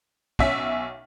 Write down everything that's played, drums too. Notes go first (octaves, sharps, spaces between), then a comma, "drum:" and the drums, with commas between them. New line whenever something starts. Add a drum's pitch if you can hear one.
B1 C#4 E5 B6, drum: kick